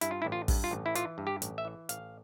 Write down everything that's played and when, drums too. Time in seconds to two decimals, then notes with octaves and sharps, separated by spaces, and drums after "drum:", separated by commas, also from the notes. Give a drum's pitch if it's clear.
0.01 G2 E4, drum: hi-hat
0.11 F4
0.22 E4
0.25 A1
0.32 F4
0.48 G2, drum: kick, open hi-hat
0.64 F4
0.71 A1
0.86 E4
0.95 E3 F4, drum: hi-hat
1.18 G2
1.27 G4
1.42 A1, drum: hi-hat
1.58 E5
1.65 E3
1.89 A1 F5, drum: hi-hat